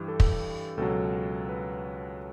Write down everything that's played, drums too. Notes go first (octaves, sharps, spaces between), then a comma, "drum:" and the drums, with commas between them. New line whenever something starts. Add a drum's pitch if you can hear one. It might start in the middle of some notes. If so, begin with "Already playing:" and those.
Already playing: G2 E3 G4
A4
drum: kick
C#2 B2 F#3 A4
B4